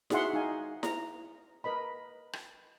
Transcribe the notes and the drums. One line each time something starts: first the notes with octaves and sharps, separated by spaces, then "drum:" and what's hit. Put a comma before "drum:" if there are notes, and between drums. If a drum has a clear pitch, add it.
D#4 F#4 G#4 E5 F#5 C6, drum: snare E4
D#4 E5 F5 G#5
A#5, drum: snare E4
A#4 B4 D#5 B5
drum: rim click